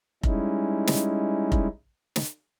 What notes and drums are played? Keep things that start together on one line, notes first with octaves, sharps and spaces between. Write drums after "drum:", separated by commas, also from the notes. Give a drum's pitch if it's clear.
G3 G#3 C#4 D#4 E4, drum: kick F1
drum: snare
drum: kick F1
drum: snare